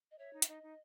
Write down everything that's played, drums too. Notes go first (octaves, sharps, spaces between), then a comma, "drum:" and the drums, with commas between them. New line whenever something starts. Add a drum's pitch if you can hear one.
D#5
C#5 E5
D#4
E5, drum: hi-hat
D#4 D#5
D#4